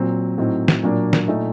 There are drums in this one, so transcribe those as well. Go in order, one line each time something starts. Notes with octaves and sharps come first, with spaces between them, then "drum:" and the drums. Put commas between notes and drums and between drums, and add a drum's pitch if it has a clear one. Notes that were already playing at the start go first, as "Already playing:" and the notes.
Already playing: A#2 F#3 C4
A2 F#3 C4 D#4
drum: snare
A#2 F#3 A#3 D4
drum: snare
A#2 A3 D#4